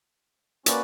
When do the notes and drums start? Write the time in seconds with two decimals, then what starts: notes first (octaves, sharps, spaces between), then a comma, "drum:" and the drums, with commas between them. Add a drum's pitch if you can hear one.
0.66 A#3 C#4 F#4 B4 D5, drum: hi-hat